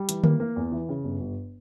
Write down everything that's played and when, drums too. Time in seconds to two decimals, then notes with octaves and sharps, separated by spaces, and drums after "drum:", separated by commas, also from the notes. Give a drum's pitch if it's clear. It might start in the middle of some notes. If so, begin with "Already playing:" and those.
Already playing: G3
0.09 E3, drum: hi-hat
0.24 A#3, drum: tom D3
0.40 A#3
0.56 E2
0.72 E3
0.89 C#3
1.04 G1
1.20 G1